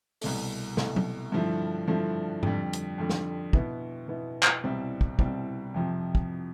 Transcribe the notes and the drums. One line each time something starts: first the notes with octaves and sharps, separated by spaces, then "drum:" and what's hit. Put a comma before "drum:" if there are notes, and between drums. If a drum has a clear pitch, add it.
C2 B2 A3, drum: open hi-hat
C2 B2 A3, drum: snare
drum: tom F#3
G2 D3 F3 A3 E4
G2 D3 F3 A3 E4
F2 D3 G3, drum: tom G#2
drum: hi-hat
F2 D3 G3
drum: snare
B2 B3 E4, drum: kick
B2 B3 E4
drum: clap
C2 B2 G3 C4 E4
drum: kick
C2 B2 G3 C4 E4, drum: kick
F2 C3 F3
drum: kick